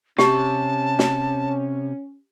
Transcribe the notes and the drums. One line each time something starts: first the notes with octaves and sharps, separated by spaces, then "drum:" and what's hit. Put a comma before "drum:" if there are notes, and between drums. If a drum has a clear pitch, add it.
C3 C#4 G4 A5, drum: snare
drum: snare